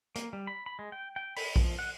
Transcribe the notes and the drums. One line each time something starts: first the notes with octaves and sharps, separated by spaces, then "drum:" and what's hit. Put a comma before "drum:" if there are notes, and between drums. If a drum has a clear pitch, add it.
A#3, drum: hi-hat
G3
B5
B5
G#3
G5
G5
B5, drum: open hi-hat
F3, drum: kick A#1
F#5